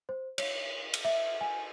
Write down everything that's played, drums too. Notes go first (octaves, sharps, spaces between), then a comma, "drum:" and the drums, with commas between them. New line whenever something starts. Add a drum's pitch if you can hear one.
C5
C#5, drum: cymbal
drum: cymbal
E5
G#5